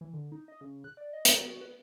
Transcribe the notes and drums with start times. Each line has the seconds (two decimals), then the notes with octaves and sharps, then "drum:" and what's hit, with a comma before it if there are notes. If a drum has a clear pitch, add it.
0.01 E3
0.13 D3
0.32 D#4
0.48 D#5
0.61 C#3
0.84 F#6
0.97 D5
1.13 D#5
1.25 A#5, drum: hi-hat
1.39 F#4
1.61 B4